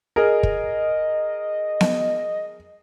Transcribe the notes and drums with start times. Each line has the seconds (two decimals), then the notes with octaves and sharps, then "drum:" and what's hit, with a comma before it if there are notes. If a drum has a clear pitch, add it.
0.16 G#4 A#4 D#5
0.43 drum: kick
1.81 drum: snare B3